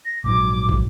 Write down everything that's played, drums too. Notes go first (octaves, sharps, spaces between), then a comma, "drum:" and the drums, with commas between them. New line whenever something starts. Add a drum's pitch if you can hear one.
A#6
A#1 G#2 F#3 D6
drum: kick